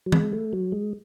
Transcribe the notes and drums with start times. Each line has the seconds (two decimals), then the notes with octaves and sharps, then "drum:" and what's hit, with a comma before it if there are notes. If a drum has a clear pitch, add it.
0.06 F#3
0.12 G#3, drum: tom E3
0.33 A3
0.53 F#3
0.72 G#3